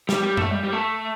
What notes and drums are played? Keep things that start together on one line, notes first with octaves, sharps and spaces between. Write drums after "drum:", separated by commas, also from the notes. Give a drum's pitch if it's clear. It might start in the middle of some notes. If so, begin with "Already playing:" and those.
G3, drum: snare
G3
A3, drum: tom F#2
G3
G3
A3